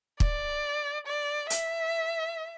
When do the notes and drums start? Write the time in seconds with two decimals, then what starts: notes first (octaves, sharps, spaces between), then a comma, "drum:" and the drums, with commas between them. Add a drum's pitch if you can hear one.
0.20 D5, drum: kick
1.07 D5
1.50 E5, drum: hi-hat